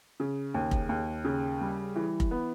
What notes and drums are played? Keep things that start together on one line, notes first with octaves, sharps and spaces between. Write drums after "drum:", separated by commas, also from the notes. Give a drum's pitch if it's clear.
C#3
D#2
drum: kick F1
D#2
C#3
G3
E3
drum: kick F1
B3